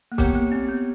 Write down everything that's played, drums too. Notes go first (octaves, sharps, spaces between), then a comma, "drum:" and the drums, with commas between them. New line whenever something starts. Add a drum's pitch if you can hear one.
A#3
B3 G4 A#4 C#5 F#5, drum: kick, hi-hat
A#3
C4
B3